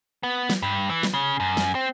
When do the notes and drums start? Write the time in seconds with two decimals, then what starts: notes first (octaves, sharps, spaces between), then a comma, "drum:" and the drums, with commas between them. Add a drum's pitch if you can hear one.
0.23 B3
0.50 drum: snare
0.62 G2
0.89 E3
1.03 drum: snare
1.14 C#3
1.40 F#2
1.57 drum: snare
1.75 C4